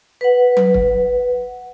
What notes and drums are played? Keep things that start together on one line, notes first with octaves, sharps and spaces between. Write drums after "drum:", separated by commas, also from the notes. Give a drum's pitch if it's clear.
B4 F#5
drum: tom F#3
drum: kick